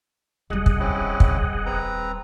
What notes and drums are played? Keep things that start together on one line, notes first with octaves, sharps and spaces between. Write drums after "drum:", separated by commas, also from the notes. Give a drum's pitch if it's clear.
D#1 G3 G#4 D#5 F#5
drum: kick
C4 C#4 E4
drum: kick
C4 B4 A#5